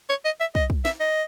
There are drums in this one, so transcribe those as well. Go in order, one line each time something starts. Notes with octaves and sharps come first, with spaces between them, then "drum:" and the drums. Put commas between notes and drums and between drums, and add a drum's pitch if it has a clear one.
C#5
D#5
E5
D#5, drum: kick
drum: kick
E5, drum: snare
D#5